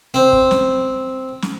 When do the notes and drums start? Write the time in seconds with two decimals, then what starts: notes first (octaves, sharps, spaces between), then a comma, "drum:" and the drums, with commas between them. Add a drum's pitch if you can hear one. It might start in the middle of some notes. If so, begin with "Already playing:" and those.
0.14 C4
0.33 drum: kick
0.51 drum: snare
1.42 drum: snare